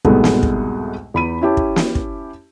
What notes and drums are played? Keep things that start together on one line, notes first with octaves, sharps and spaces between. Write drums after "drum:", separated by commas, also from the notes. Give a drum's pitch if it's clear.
C2 G#2 B2 G#3 A3 B3, drum: kick
drum: snare
drum: kick
E2 B5 D#7
C#4 E4 G4 A5
drum: kick
drum: snare
drum: kick